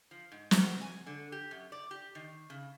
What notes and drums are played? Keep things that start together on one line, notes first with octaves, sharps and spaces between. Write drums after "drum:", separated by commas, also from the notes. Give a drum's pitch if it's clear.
F3
G#2
drum: snare
F#3
G#5
D3
G4
F#2
D5
G4
D#3
C#3